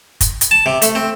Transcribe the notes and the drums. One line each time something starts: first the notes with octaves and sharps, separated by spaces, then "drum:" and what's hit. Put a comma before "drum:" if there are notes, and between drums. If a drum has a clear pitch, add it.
drum: kick, hi-hat
drum: hi-hat
A5
C3
A3, drum: hi-hat
C4